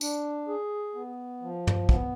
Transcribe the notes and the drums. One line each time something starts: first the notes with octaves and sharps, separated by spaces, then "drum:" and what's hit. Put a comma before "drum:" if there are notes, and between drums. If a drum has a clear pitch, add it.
D4, drum: tambourine
G#4
B3
F3
drum: tom
B3, drum: kick